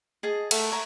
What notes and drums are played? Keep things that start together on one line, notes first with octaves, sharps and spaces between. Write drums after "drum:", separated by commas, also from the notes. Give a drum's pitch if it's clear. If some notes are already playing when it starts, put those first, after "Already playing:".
G#4 D#5 A5
A3 A#4 E5 F#5, drum: cymbal
C#5 A#5